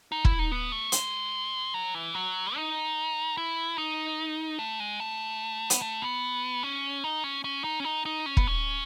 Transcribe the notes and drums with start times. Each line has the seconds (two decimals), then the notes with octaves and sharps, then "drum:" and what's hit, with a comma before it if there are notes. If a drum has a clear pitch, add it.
0.12 D#4
0.25 E4, drum: kick
0.39 D#4
0.52 B3
0.72 A3
0.92 G#3, drum: hi-hat
1.74 F#3
1.94 E3
2.14 F#3
2.55 D#4
3.37 E4
3.78 D#4
4.59 A3
4.80 G#3
5.00 A3
5.70 B3, drum: hi-hat
5.82 A3
6.02 B3
6.63 C#4
7.04 D#4
7.24 C#4
7.44 C#4
7.64 D#4
7.80 C#4
7.85 D#4
8.05 D#4
8.26 C#4
8.37 B3, drum: kick
8.47 C#4